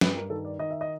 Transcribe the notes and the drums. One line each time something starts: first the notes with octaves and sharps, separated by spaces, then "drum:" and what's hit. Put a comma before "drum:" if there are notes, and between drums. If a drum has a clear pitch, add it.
G2 B4, drum: snare
A#4
D#3 A4
D5
D#3 D#5
E5
D#5